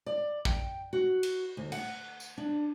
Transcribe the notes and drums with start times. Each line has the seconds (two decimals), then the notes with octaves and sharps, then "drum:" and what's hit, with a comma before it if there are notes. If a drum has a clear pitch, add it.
0.06 D5
0.45 G5, drum: kick
0.93 F#4
1.23 drum: cymbal
1.57 D2
1.72 F#5, drum: cymbal
2.20 drum: tambourine
2.38 D4